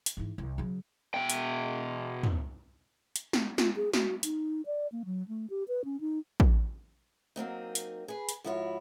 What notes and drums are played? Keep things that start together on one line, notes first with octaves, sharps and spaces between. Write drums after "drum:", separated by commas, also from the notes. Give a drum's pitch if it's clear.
drum: hi-hat
G#2 E3
C2
C#3 F#3
B2 G5
drum: hi-hat
drum: tom
drum: hi-hat
drum: snare
F4, drum: snare
G#4
F#4, drum: snare
D#4, drum: hi-hat
D5
A#3
F#3
A3
G4
B4
C#4
D#4
drum: kick
F#3 A#3 C4 D#4
drum: hi-hat
G#4 B4
drum: hi-hat
G#2 F3 E4 F#4 B4 C#5